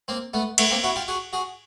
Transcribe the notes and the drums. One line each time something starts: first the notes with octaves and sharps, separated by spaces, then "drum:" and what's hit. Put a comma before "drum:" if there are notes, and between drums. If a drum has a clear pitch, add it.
A#3 C4
A3 B3
A3 B3, drum: cymbal
A#3 C4
E4 F#4
F4 G4
F#4 G#4
F#4 G#4